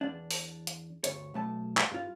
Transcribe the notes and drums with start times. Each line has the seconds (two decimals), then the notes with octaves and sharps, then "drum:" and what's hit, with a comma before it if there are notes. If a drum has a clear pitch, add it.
0.01 E2 D4
0.31 drum: open hi-hat
0.67 drum: hi-hat
1.04 D2 G2 C#5, drum: hi-hat
1.34 B1 A3 A5
1.77 drum: clap
1.91 G2 F4